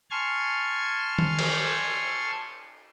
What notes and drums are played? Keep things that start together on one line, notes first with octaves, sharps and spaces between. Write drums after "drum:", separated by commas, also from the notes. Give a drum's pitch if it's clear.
G#5 A5 C6 C#6 F6 G#6
drum: tom D#3
drum: cymbal